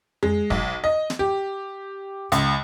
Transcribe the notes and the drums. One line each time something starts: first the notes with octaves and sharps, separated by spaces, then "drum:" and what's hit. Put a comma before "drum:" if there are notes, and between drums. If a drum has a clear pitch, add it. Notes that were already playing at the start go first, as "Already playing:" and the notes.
G#3, drum: tom F2
B1, drum: kick
D#5
drum: snare
G4
C#2, drum: hi-hat